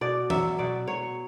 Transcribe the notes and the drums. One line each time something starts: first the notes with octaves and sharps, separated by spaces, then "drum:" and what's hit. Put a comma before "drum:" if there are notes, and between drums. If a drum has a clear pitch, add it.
B2 D5
F#3 E5, drum: tom
B2 D5
F#3 C#5